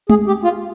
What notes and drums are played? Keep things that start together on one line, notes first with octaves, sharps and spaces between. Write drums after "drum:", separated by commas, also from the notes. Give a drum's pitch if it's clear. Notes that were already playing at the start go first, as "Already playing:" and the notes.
G#4, drum: tom G#3
G4
F4